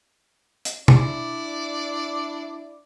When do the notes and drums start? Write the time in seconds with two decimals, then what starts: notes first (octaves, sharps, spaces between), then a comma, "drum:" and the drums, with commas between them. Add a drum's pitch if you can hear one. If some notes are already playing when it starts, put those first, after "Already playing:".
0.65 drum: hi-hat
0.88 D4 E4 D5, drum: tom B2